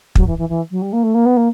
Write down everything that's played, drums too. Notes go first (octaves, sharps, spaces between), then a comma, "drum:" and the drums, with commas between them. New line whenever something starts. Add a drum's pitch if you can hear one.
F#3, drum: kick
E3
E3
E3
F#3
G3
A#3
A3
A#3
B3
A#3